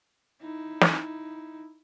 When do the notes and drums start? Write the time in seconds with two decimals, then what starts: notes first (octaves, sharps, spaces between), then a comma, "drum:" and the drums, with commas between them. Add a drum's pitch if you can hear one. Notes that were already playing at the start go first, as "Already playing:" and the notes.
0.42 D#4 E4
0.81 drum: snare